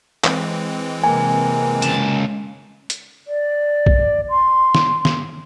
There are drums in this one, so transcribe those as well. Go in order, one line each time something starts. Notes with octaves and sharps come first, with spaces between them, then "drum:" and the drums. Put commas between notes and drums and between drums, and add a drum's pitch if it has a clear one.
E3 G#3 C4, drum: clap
C3 A#3 G#5
C#2 A5, drum: hi-hat
drum: hi-hat
D5
drum: kick
C6
drum: snare
drum: snare